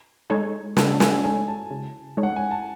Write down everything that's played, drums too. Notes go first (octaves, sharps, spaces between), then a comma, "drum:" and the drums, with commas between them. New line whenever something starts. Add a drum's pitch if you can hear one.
G#3 D#4 A4 C#5 G#6
C#3 A5, drum: snare
A5
G#5, drum: snare
G#3 D#4 A4 C#5 G#5
A5
C#3
G#3 D#4 A4 C#5
F#5
G#5
A5